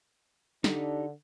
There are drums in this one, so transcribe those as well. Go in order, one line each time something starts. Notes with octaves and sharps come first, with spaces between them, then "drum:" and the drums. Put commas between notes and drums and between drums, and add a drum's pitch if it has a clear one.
D3 D4 D#4 G4 A4, drum: snare